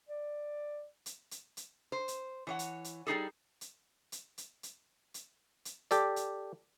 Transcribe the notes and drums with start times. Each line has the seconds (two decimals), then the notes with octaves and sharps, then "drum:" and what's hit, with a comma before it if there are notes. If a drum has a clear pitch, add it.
0.09 D5
1.06 drum: hi-hat
1.31 drum: hi-hat
1.57 drum: hi-hat
1.92 C5
2.08 drum: hi-hat
2.47 E3 C#5 F#5
2.59 drum: hi-hat
2.84 drum: hi-hat
3.07 G3 D#4 G#4 A4
3.61 drum: hi-hat
4.12 drum: hi-hat
4.38 drum: hi-hat
4.63 drum: hi-hat
5.14 drum: hi-hat
5.65 drum: hi-hat
5.91 G4 A4 D5, drum: hi-hat
6.16 drum: hi-hat